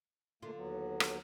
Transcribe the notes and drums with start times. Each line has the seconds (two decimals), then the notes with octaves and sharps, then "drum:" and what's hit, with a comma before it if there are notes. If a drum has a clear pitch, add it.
0.43 A#2 D3 A3 A#3 F4
0.55 D#2 F#3 B3
1.00 drum: rim click